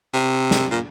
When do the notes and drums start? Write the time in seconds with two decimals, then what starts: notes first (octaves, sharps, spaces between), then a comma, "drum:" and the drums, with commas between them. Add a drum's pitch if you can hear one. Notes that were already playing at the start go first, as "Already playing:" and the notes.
0.14 C3
0.51 drum: snare
0.71 A#2